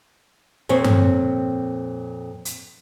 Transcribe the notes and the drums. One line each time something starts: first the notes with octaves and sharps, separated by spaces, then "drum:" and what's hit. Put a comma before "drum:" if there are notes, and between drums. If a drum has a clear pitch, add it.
F2 A#2 C4 C#5
drum: tom G2
drum: hi-hat